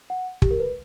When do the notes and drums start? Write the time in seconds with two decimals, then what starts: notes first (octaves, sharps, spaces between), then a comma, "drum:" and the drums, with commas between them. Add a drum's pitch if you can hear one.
0.10 F#5
0.42 G4, drum: kick
0.51 A#4
0.60 B4